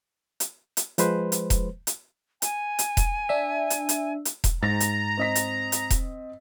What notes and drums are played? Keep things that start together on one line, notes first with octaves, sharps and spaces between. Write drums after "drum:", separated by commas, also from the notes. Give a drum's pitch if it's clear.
drum: hi-hat
drum: hi-hat
F3 G#3 B4 C5, drum: hi-hat
drum: hi-hat
drum: kick E1, hi-hat
drum: hi-hat
G#5, drum: hi-hat
drum: hi-hat
drum: kick E1, hi-hat
D4 E5
drum: hi-hat
drum: hi-hat
drum: hi-hat
drum: kick E1, hi-hat
G#2 A#5 A6 A#6
drum: hi-hat
C4 D#5 B6
drum: hi-hat
drum: hi-hat
drum: kick E1, hi-hat